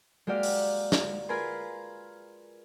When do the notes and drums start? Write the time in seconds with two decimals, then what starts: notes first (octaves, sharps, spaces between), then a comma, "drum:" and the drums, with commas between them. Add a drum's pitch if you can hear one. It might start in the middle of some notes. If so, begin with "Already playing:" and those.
0.27 G#3 A#3 F#4 G4 D5 F5
0.43 drum: open hi-hat
0.92 drum: snare
1.29 F4 G#4 A#4 B4 G#5 C6